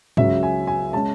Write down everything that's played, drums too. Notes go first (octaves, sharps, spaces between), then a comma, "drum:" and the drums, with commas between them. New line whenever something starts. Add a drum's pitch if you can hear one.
C#2 C#3 F#3 C#4 E5, drum: tom
G#5
G#5
C#3 G#3 C#4 A5